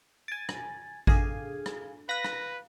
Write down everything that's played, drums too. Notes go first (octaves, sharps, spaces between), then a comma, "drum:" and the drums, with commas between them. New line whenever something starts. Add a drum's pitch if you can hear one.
G#5 A6 D7
drum: rim click
D4 G#4 A4 F5 G#5, drum: kick G#1
drum: rim click
B4 F5 B5 F#6 A#6
drum: rim click